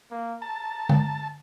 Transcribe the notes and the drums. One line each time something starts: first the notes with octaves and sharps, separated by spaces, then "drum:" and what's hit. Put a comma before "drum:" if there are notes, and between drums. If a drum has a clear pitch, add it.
A#3
A5 A#5
drum: tom D3